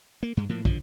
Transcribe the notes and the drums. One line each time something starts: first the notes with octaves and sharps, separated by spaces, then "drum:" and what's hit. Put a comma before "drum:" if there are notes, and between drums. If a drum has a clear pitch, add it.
A#3
G2 G#3
A2 F3 A#3
D3 F3, drum: kick